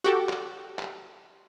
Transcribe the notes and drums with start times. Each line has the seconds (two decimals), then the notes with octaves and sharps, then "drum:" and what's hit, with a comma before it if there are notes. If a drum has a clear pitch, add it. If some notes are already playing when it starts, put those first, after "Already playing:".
0.04 F#4 G4 A4
0.29 drum: clap
0.79 drum: clap